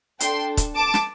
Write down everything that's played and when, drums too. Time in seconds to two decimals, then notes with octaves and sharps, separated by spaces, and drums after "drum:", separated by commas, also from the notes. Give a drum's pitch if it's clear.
0.20 D4 A4 G5 C6, drum: hi-hat
0.57 drum: kick, hi-hat
0.75 A5 D6
0.94 drum: snare